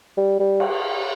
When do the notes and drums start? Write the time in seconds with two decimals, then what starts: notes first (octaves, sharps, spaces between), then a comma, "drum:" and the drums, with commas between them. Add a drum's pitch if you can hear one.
0.17 G3
0.39 G3
0.60 drum: cymbal